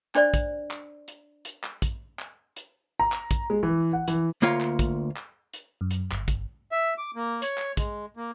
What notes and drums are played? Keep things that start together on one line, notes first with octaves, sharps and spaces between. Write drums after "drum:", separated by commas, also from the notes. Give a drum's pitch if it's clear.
D4 C5 D5, drum: clap
drum: kick, hi-hat
drum: clap
drum: hi-hat
drum: hi-hat
drum: clap
drum: kick, hi-hat
drum: clap
drum: hi-hat
A#5
drum: clap
drum: kick, hi-hat
G#3
E3
F#5
E3, drum: hi-hat
D2 A#3 F4 C#5 F5, drum: hi-hat
drum: clap
drum: kick, hi-hat
drum: clap
drum: hi-hat
F#2
drum: hi-hat
G1, drum: clap
drum: kick, hi-hat
E5
D6
A#3
C#5, drum: hi-hat
drum: clap
G#3, drum: kick, hi-hat
A#3